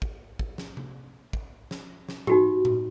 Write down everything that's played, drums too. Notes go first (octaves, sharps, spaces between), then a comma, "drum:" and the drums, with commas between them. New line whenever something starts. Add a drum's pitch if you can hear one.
drum: kick
drum: kick
drum: snare
drum: tom C3
drum: kick
drum: snare
drum: snare
D#4 F#4 G4, drum: tom G#2
drum: tom A2